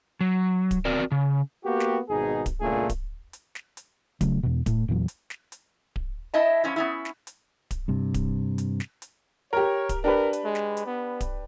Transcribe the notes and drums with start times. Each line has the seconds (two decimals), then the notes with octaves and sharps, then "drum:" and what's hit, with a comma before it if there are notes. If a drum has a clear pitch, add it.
0.21 F#3
0.71 drum: kick D1, hi-hat
0.85 C4 F#4 A#4 D5
1.12 C#3
1.65 A#3 B3 F#4 G4
1.80 drum: snare
2.09 G#1 B2 D#4 G#4
2.46 drum: kick D1, hi-hat
2.61 C#2 A#2 A3 D4 G#4
2.89 drum: kick D1, hi-hat
3.33 drum: hi-hat
3.55 drum: snare
3.77 drum: hi-hat
4.21 C#3 F#3 A3, drum: kick D1, hi-hat
4.43 E2 B2
4.66 A2 A3, drum: kick D1, hi-hat
4.88 E2 A#2 E3 F#3
5.08 drum: hi-hat
5.30 drum: snare
5.52 drum: hi-hat
5.96 drum: kick D1
6.34 E4 D#5 E5 A5
6.64 F3 C#4 E4
6.76 B3 C#4 E4
7.05 drum: snare
7.27 drum: hi-hat
7.71 drum: kick D1, hi-hat
7.88 G2 C3
8.14 drum: kick D1, hi-hat
8.58 drum: hi-hat
8.80 drum: snare
9.02 drum: hi-hat
9.53 G4 A#4 C#5
9.89 drum: kick D1, hi-hat
10.04 D4 G4 A#4 B4
10.33 drum: hi-hat
10.45 G#3
10.55 drum: snare
10.77 drum: hi-hat
10.86 B3
11.21 drum: kick D1, hi-hat